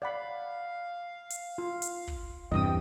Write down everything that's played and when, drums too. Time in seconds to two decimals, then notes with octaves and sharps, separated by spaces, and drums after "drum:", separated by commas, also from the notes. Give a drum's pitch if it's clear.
0.02 D5 F5 F#5 B5
1.30 drum: hi-hat
1.58 F4
1.82 drum: hi-hat
2.08 drum: kick
2.52 E2 G2 C3 D#5 G5 D#6